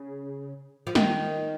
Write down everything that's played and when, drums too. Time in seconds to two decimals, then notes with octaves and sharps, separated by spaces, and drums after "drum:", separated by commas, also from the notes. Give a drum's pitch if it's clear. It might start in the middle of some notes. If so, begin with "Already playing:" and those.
Already playing: C#3
0.87 F3
0.95 D#3, drum: snare